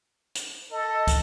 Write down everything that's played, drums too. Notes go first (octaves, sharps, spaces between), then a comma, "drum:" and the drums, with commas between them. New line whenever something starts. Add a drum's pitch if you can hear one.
drum: hi-hat
A4 D#5
drum: kick, hi-hat